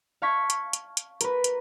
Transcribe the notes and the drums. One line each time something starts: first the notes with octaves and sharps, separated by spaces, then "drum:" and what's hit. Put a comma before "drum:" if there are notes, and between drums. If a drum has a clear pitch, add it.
F5 A5 C#6 G#6 B6
drum: hi-hat
drum: hi-hat
drum: hi-hat
A#4 B4, drum: hi-hat
drum: hi-hat